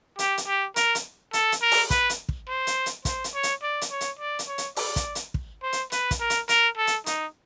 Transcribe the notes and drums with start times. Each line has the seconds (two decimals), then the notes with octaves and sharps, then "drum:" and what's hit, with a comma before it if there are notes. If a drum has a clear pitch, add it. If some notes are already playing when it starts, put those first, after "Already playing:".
0.19 G4, drum: hi-hat
0.38 drum: hi-hat
0.47 G4
0.76 A#4, drum: hi-hat
0.95 drum: hi-hat
1.33 A4, drum: hi-hat
1.52 drum: hi-hat
1.62 A#4
1.71 drum: open hi-hat
1.90 B4, drum: kick, hi-hat
2.09 drum: hi-hat
2.29 drum: kick
2.48 C5
2.67 drum: hi-hat
2.86 drum: hi-hat
3.05 C5, drum: kick, hi-hat
3.24 drum: hi-hat
3.34 C#5
3.43 drum: hi-hat
3.62 D5
3.81 drum: hi-hat
3.91 C#5
4.01 drum: hi-hat
4.19 D5
4.39 drum: hi-hat
4.48 C#5
4.58 drum: hi-hat
4.76 D5, drum: open hi-hat
4.96 drum: kick, hi-hat
5.15 drum: hi-hat
5.34 drum: kick
5.63 C5
5.73 drum: hi-hat
5.92 B4, drum: hi-hat
6.11 drum: kick, hi-hat
6.20 A#4
6.30 drum: hi-hat
6.49 A#4, drum: hi-hat
6.77 A4
6.87 drum: hi-hat
7.06 D#4, drum: hi-hat